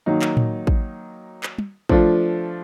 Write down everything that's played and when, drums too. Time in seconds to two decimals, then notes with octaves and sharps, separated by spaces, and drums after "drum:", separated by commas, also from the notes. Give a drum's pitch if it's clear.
0.06 D#3 F#3 A#3 D#4
0.22 drum: clap
0.37 drum: tom A2
0.67 drum: kick
1.43 drum: clap
1.58 drum: tom
1.89 F3 A3 D4 F4, drum: kick